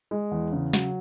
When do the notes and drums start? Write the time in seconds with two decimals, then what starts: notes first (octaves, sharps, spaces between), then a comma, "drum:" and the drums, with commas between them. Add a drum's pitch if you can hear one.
0.11 G#3
0.31 E2
0.53 C#3
0.73 F#3, drum: snare